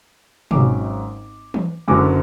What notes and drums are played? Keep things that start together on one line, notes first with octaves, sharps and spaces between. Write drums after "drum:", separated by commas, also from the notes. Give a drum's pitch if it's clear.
G#1 G#2 F#3 C#4 D6, drum: tom B2
drum: tom E3
F#1 F#2 D3 F#3 D6